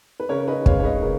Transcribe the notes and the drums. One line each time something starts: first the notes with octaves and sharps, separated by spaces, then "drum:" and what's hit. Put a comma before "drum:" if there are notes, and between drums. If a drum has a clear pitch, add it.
B4
C#3 A#4 C#5
B4 D#5
G#3 C#5 F5, drum: kick
C#5
B4 D#5
C#3 A#4